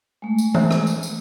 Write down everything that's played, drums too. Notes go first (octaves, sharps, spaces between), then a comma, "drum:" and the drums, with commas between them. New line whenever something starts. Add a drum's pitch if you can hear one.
G#3 A3
drum: tambourine
drum: tom E3
drum: rim click
drum: tambourine
drum: tambourine